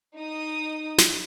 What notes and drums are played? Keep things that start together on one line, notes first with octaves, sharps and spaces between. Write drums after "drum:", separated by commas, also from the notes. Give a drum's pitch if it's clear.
D#4 D#6
drum: snare